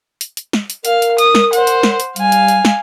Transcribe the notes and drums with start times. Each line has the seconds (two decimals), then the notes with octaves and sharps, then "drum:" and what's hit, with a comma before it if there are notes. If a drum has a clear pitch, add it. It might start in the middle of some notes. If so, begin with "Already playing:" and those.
0.21 drum: hi-hat
0.37 drum: hi-hat
0.53 drum: snare
0.70 drum: hi-hat
0.85 A#4 F5, drum: hi-hat
1.02 drum: hi-hat
1.18 D#6, drum: hi-hat
1.35 drum: snare
1.53 C5 F#5, drum: hi-hat
1.67 drum: hi-hat
1.83 drum: snare
2.00 drum: hi-hat
2.16 G3 F5 G#5, drum: hi-hat
2.32 drum: hi-hat
2.48 drum: hi-hat
2.65 drum: snare